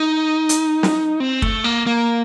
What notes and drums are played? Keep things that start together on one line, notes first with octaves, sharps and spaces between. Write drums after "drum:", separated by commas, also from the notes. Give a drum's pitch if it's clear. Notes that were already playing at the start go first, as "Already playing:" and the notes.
Already playing: D#4
drum: hi-hat
drum: snare
C4
A3, drum: kick
A#3
A#3